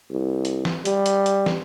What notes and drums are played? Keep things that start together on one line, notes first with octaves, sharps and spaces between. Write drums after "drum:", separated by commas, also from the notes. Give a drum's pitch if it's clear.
C2
drum: hi-hat
drum: snare
G3, drum: hi-hat
drum: hi-hat
drum: hi-hat
drum: snare